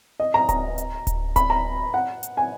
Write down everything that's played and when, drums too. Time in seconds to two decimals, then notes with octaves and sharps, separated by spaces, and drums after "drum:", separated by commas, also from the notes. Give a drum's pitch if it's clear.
0.20 D#5
0.34 A#5
0.49 A#5, drum: kick D1, hi-hat
0.78 drum: hi-hat
1.07 drum: kick D1, hi-hat
1.36 B5, drum: kick D1, hi-hat
1.50 A#5
1.94 F#5
2.23 drum: hi-hat
2.37 G#5